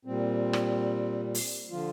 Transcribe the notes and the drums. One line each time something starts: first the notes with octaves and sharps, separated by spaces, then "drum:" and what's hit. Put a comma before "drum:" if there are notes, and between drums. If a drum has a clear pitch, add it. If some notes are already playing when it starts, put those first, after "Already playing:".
A#2 G3 C4
drum: rim click
drum: open hi-hat
D3 F3 F4